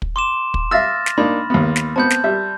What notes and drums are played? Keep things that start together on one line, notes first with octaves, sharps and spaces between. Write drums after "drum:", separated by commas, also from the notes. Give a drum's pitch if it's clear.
drum: kick
C6 D6 E7
drum: kick
E5 F5 E6 F6 A6 A#6
drum: snare
A#3 D4 D#4 B5
D#2 B3
drum: snare
B3 C4 A5 G6
drum: snare
G3 E5